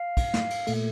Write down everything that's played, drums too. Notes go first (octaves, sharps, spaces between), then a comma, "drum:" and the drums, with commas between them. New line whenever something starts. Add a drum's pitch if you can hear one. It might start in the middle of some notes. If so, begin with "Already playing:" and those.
Already playing: F5
drum: kick, cymbal
drum: snare
drum: cymbal
A#2 A3, drum: cymbal